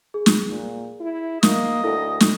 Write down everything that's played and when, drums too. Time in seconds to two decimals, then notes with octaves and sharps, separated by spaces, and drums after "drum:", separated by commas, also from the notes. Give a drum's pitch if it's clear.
0.14 G#4
0.26 drum: snare
0.50 A#2
1.00 E4
1.43 A#3 D#5, drum: snare
1.84 D2 E4 A4 A#6
2.20 drum: snare